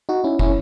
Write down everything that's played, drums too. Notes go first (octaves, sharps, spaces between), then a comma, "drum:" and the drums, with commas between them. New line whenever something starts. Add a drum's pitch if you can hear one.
D#4 F#4
C#4 E4
C#4 E4, drum: kick